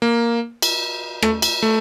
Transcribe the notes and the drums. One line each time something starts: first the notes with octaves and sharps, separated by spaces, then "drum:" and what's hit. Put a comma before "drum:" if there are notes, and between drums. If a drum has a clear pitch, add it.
A#3
drum: cymbal
A3, drum: rim click
drum: cymbal
A3